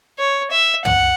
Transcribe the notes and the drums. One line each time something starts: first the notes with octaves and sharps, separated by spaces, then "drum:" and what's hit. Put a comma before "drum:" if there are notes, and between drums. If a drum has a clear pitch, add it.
C#5
E5
F#5, drum: tom